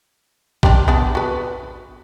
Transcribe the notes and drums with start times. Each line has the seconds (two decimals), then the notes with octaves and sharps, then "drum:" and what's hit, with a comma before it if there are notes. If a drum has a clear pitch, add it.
0.63 G3 C4 D4, drum: kick A#1
0.88 B3 D4 A5
1.15 F#4 B4